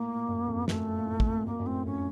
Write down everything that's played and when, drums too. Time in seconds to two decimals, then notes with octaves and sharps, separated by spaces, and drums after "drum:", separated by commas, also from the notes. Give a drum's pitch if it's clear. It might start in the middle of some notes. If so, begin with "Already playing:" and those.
Already playing: A2 A#3
0.09 A#2
0.28 F#2
0.48 F2
0.68 F#2 A3, drum: snare
0.97 A#2
1.07 A2
1.20 drum: kick
1.46 F#2 A#3
1.59 F#2
1.66 A2 C4
1.85 F2 C#4